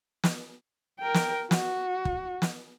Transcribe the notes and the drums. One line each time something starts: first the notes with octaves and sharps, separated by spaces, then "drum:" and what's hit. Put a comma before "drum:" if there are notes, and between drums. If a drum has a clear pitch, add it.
drum: snare
A#4 G5
drum: snare
F#4, drum: snare
drum: kick
drum: snare